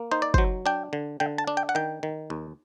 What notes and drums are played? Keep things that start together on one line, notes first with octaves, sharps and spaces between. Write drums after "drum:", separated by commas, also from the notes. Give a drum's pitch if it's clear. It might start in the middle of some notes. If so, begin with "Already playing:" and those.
Already playing: A#3
D#4 C5
D5
F#3 C5, drum: kick
D4 G5
D3
D3 G5
A5
D4
G5
F#5
D#3 G5
D#3
D#2